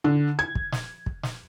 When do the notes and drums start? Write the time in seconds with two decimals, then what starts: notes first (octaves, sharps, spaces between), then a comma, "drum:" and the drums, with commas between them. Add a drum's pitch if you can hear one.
0.04 D3
0.39 G#6
0.55 drum: kick
0.72 drum: snare
1.06 drum: kick
1.23 drum: snare